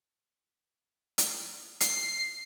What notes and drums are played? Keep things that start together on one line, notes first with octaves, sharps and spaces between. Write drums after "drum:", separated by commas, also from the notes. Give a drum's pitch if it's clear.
drum: hi-hat
C7, drum: hi-hat